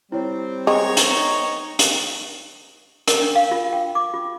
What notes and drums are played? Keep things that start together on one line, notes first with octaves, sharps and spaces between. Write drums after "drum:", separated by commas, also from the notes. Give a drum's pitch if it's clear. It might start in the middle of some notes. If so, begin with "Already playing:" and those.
G3 C4 E4 C#5
G#3 A#4 C#5 G5 C#6
drum: hi-hat
B3 D4 D#4
drum: hi-hat
A#4, drum: hi-hat
D4
F5
F4
G5
D6
F4